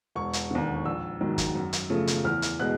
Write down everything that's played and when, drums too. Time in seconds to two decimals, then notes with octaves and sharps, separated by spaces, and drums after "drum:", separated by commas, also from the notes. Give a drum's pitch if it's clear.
0.15 E1 C#6
0.33 drum: hi-hat
0.51 D#2 D3
0.85 A#1 E6
1.21 G#2 D#3 F#3
1.38 drum: kick, hi-hat
1.55 F#2
1.73 drum: hi-hat
1.90 C#3 F3 A3
2.07 drum: hi-hat
2.24 E2 F6
2.42 drum: hi-hat
2.60 B2 G#3 F#6